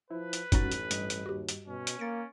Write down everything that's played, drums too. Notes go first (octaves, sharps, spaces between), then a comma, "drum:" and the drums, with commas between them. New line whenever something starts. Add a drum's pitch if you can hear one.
F3 E4 B4
drum: hi-hat
A1 F#2 G3 C#4 D#4 F#4 A6, drum: kick, hi-hat
drum: hi-hat
G2 G3 D#5, drum: hi-hat
drum: hi-hat
D#2 F#4 G4
drum: hi-hat
B2 C#4
drum: hi-hat
A#3 A6 C#7 D7